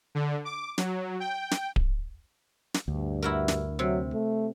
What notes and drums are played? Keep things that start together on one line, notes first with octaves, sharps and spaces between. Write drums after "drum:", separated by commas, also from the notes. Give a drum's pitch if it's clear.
D3
D6
F#3, drum: snare
G5
drum: snare
drum: kick D1
drum: snare
D2 G2
E4 F#4 A#4
drum: snare
C3 F#3
A3